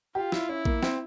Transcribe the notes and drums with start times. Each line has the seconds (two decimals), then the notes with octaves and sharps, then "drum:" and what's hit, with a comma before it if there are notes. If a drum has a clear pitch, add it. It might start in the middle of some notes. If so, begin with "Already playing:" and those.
0.15 F4 G4
0.32 E4, drum: snare
0.49 C#4 E4
0.65 A#3, drum: kick A#1
0.83 C4, drum: snare